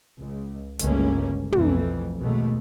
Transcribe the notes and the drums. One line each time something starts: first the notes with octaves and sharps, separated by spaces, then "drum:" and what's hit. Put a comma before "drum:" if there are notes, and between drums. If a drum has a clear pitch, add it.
C#2
G1 C#2 A3 A#3 C#4, drum: hi-hat
B1 F2 E3 A3, drum: tom
D#2 B2 G#3 A3